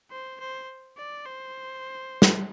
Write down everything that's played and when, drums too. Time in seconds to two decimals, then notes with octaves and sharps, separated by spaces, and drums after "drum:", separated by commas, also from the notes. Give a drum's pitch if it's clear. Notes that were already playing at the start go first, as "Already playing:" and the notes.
0.11 C5
0.40 C5
0.97 D5
1.26 C5
2.22 drum: snare